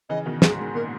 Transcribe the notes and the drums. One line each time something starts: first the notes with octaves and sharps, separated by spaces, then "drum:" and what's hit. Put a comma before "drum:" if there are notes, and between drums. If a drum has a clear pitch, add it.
C#3 E3 D#5
B2 D#3
G#2 G#4, drum: snare
G#2
A#2 A#4